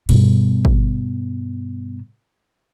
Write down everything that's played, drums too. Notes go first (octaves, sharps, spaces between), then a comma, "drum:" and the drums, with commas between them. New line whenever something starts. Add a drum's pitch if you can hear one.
G2 B2, drum: cymbal
drum: kick